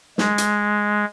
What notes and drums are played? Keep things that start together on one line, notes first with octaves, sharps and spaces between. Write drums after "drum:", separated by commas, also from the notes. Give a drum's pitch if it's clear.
G#3, drum: snare
drum: hi-hat